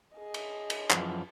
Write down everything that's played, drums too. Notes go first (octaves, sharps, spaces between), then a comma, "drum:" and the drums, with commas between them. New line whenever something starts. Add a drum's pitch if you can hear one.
G#4 D#5
drum: cymbal
drum: cymbal
F#2 E3 F3, drum: clap